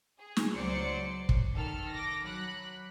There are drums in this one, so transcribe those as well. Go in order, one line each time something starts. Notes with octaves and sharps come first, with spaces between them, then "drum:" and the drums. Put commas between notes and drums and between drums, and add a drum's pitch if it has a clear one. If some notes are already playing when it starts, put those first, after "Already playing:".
G#4
drum: snare
C#2 F#3 C5 D5 C6 C#7
drum: kick
D#3 A4 F6
D6 A#6
F#3 B5 F#6